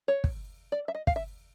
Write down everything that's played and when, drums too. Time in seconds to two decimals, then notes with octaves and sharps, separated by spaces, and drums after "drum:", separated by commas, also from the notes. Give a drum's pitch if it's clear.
0.08 C#5
0.24 drum: kick
0.72 D5
0.88 E5
0.95 D#5
1.07 F5, drum: kick
1.16 E5